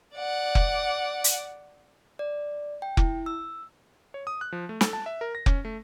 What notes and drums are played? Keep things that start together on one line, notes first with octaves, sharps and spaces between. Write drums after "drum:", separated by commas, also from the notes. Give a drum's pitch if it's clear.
D5 F#5
drum: kick F1
drum: hi-hat
D5
G5
E4, drum: kick F1
E6
C#5
D#6
F#6
F3
A3
A4, drum: snare
A5
E5
A#4
A#6
C#4, drum: kick F1
A3